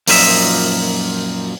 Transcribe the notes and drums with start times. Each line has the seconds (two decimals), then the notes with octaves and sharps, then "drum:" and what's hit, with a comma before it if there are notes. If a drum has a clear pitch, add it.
0.08 F#2 A#2 F3 D#4 G#4 E5, drum: open hi-hat